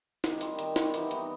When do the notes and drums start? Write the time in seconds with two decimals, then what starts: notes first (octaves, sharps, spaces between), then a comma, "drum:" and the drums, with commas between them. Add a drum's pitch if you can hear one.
0.24 D#3 G4, drum: snare
0.41 G3 C4, drum: hi-hat
0.59 D#3, drum: hi-hat
0.76 G3 C4, drum: snare
0.82 F#4
0.94 E3 G4, drum: hi-hat
1.11 G3 B3 D#4 F#4, drum: hi-hat